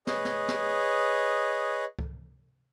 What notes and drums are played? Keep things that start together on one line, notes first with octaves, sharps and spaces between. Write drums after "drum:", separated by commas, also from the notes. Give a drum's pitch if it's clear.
G#4 B4 C#5 D#5, drum: snare
drum: snare
drum: snare
drum: kick C#2